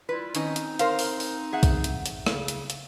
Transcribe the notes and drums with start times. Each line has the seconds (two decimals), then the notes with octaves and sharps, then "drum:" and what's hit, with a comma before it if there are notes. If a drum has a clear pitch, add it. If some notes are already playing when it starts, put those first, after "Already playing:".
0.09 G3 E4 F4 B4
0.35 D#3 C4 C#4 D#4 D#5, drum: hi-hat
0.56 drum: hi-hat
0.79 A#4 C5 F5, drum: hi-hat
0.99 drum: open hi-hat
1.20 drum: open hi-hat
1.53 G#4 E5 F#5
1.63 drum: kick, hi-hat
1.84 drum: hi-hat
2.06 drum: hi-hat
2.26 C#3, drum: rim click
2.48 drum: hi-hat
2.70 drum: hi-hat